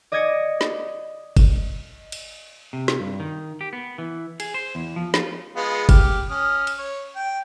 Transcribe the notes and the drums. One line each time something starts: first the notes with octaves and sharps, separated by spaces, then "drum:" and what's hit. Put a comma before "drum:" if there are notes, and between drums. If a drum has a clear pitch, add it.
D5 D#5 D#6 G#6 A#6 C#7
drum: snare
drum: kick G1, cymbal
drum: cymbal
C3
drum: snare
G2
D#3
G4
B3
E3
G#4, drum: cymbal
C5
E2
F3
F4, drum: snare
G#3 B3 F4
G4 F6, drum: kick G1, cymbal
C#4 D#6 F6
drum: cymbal
C#5
G5